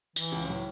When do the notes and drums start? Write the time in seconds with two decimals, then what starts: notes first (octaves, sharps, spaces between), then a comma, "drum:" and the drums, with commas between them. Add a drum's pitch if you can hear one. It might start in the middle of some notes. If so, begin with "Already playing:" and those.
0.16 E3, drum: tambourine
0.32 C#2 C#3
0.48 A2 F#3